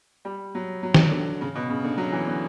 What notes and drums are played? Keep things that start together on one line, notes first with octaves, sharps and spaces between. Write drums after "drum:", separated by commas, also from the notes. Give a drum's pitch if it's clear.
G3
F#3
F#3
drum: snare
D3
C#3
B2
C#3
D3
F#3
E3
D3